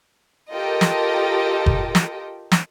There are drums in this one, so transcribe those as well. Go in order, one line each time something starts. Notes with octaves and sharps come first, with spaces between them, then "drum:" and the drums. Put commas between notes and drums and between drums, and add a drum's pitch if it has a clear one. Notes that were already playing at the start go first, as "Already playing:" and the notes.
F4 G4 A4 A#4 D#5 G5
drum: snare
drum: kick F#1
drum: snare
drum: snare